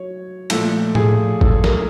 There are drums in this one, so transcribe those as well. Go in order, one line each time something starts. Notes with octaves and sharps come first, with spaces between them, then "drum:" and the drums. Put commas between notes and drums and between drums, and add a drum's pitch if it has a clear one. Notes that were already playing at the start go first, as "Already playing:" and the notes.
Already playing: F#3 C#5
A#2 F3 A3 A4, drum: cymbal
G#4, drum: tom A2
A4, drum: kick
A#4, drum: snare